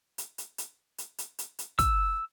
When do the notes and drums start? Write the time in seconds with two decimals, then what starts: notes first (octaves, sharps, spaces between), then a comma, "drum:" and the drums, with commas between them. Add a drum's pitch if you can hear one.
0.18 drum: hi-hat
0.38 drum: hi-hat
0.58 drum: hi-hat
0.98 drum: hi-hat
1.18 drum: hi-hat
1.39 drum: hi-hat
1.59 drum: hi-hat
1.79 E6, drum: kick, hi-hat